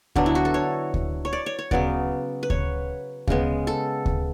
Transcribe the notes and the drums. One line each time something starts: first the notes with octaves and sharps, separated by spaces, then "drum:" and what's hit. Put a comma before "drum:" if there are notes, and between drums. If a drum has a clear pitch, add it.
D3 F#3 B3 D4, drum: kick D2
E4
F#4
A4
C#5
drum: kick D2
C#5
D5
C#5
C#5
C#3 F#3 B3 D5, drum: kick D2
B4
C#5, drum: kick D2
C#3 G#3 B3, drum: kick D2
A4
drum: kick D2